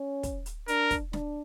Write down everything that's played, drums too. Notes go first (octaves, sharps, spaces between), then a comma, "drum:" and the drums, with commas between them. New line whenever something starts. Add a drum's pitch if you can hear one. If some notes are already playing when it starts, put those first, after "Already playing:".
Already playing: C#4
drum: kick, hi-hat
drum: hi-hat
D4 A#4, drum: hi-hat
drum: kick, hi-hat
D4, drum: snare